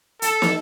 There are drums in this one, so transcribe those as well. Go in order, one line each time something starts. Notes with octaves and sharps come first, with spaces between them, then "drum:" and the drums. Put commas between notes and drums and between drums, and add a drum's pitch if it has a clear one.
A4, drum: hi-hat
drum: snare